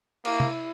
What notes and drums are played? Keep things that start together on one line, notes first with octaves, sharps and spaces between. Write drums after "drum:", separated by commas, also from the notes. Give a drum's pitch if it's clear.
A#3 E4, drum: cymbal
drum: tom C3